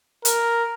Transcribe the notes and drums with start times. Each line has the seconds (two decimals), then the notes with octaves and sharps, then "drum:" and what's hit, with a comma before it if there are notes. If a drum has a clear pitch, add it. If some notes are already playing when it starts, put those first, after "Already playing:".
0.25 A#4, drum: hi-hat